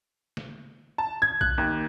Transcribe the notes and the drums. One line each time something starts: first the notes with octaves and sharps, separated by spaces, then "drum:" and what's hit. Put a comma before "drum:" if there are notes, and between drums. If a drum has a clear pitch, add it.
drum: snare
A5
G#6
F#6, drum: kick B1
D#2